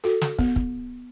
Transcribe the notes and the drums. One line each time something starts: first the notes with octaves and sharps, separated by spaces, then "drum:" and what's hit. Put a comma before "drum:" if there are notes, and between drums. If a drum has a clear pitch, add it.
F#4 A4
drum: snare
B3, drum: kick
drum: kick